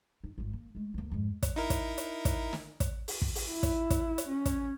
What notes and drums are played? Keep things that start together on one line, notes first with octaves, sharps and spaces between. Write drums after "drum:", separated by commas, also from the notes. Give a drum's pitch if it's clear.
D#4
G#1 F4
A#3
G#3 A3
D2 A#3
F2 G#2
drum: kick, hi-hat
D#4 E4 A#4
drum: kick, hi-hat
drum: hi-hat
drum: kick, hi-hat
drum: snare
drum: kick, hi-hat
drum: open hi-hat
drum: kick
drum: open hi-hat
E4
drum: kick, hi-hat
drum: kick, hi-hat
drum: hi-hat
C#4
drum: kick, hi-hat